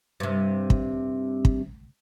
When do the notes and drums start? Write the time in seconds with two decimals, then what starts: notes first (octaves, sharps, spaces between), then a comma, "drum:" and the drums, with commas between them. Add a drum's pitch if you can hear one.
0.20 G2 C3
0.70 drum: kick
1.45 drum: kick